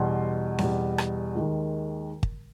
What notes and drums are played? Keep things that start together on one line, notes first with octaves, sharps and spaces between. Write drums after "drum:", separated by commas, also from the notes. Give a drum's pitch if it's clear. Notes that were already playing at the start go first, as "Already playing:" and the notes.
Already playing: E2 B2 G3 C6
E2 B2 G3, drum: snare C4
drum: rim click
D#2 D#3 G#3
drum: kick